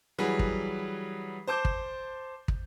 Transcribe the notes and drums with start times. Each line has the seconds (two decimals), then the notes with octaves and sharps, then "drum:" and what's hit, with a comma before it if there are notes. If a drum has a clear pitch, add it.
0.18 E3 F#3 G3 G#4 B4
0.39 drum: kick
1.47 C5 A5 D6 G6
1.65 drum: kick
2.48 drum: kick